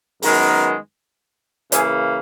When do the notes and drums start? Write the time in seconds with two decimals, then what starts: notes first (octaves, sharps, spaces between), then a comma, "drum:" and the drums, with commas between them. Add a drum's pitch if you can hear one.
0.22 F#2 D#3 G#3 B3 A#4, drum: open hi-hat
1.72 C#3 E3 A#3 G#4, drum: hi-hat